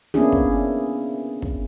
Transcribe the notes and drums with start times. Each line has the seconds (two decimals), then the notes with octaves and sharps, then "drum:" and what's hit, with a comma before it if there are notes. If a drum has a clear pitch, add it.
0.14 A#3 B3 C#4 D4 E4 G#4
0.32 drum: kick
1.42 drum: kick